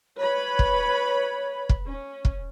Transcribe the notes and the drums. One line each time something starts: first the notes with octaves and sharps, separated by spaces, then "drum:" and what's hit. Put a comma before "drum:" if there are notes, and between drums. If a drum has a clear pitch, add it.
B4 C#5 B5
drum: kick
drum: kick
C#4
drum: kick